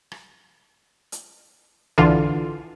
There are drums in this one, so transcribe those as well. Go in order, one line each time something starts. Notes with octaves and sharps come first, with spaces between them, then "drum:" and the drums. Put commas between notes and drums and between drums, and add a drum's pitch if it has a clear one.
drum: rim click
drum: hi-hat
D3 E3 F4, drum: tom B1